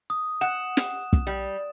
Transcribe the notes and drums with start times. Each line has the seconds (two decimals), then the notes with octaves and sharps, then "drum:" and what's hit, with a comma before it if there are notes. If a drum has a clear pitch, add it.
0.10 D#6
0.41 F#5 E7
0.77 drum: snare
1.13 drum: kick
1.27 G3